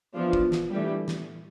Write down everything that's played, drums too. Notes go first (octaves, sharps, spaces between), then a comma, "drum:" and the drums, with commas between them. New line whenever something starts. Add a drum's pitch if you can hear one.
E3 F3 B3 D4 F4
drum: kick
drum: snare
E3 G3 A3 D4 G4
drum: snare